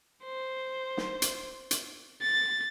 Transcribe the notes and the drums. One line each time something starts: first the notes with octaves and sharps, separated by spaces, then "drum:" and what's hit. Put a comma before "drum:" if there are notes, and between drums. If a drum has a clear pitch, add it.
C5
drum: snare
drum: hi-hat
drum: hi-hat
A6